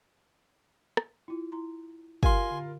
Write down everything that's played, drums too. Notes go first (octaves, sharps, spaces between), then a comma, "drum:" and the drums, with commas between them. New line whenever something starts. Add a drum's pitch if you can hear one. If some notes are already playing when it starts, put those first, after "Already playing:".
drum: rim click
E4 F4
E4 A#5 C6
F4 G4 A#4 F5 G#5 C6, drum: kick
D3